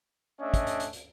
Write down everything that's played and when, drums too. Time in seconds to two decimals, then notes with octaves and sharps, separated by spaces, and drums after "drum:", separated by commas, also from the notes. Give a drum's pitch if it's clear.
0.41 A3 C#4 D4 D#5 E5
0.54 drum: kick, hi-hat
0.67 drum: hi-hat
0.80 drum: hi-hat
0.93 drum: hi-hat